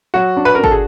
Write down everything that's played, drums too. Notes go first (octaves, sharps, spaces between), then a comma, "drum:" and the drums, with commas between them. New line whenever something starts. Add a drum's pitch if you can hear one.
F#3 F#4
D4
B4
D4 A#4
A4, drum: kick G1
G#4